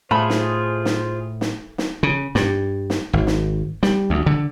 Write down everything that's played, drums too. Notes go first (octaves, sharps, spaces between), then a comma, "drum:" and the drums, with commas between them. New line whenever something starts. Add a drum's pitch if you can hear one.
A2 A3 F4 G#4 C5 B5
drum: snare
drum: snare
drum: snare
drum: snare
C#3
G2, drum: snare
drum: snare
G#1
drum: snare
G3, drum: snare
D2
D3